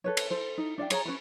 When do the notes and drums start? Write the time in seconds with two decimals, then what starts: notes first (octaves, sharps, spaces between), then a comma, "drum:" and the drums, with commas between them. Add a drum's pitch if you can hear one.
0.04 A4 B4 C#5
0.17 drum: cymbal
0.31 A4 C5
0.58 D#4
0.78 D4 D5 F5 G5
0.90 G#4 C#5 G#5 A#5, drum: cymbal
1.05 C#4 A#4 B4 B5